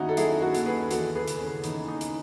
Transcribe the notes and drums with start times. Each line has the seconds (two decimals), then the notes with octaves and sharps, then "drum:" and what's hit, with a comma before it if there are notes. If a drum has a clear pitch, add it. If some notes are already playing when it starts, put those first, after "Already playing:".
Already playing: D#2 D#3 C#4 D#4 E4 F#4
0.09 A4
0.17 F#3 E4 G#4, drum: hi-hat
0.42 F#4 A4
0.55 D#2, drum: hi-hat
0.66 G#4 B4
0.91 E2 F#4 A4, drum: hi-hat
1.15 G#4 B4
1.28 C#3, drum: hi-hat
1.40 C#4
1.64 E3 D#4, drum: hi-hat
1.88 D#4
2.01 drum: hi-hat